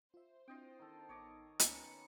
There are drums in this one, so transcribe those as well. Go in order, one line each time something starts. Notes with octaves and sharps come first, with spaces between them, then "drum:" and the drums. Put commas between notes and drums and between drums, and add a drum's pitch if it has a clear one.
F4 C5 E5
C4 D4 E4 F4 D#5 G5
D#3 A4
A1 B3 D#4 C#5 D#5 D6
B3 C#4 A#5 B5 A6 C#7, drum: hi-hat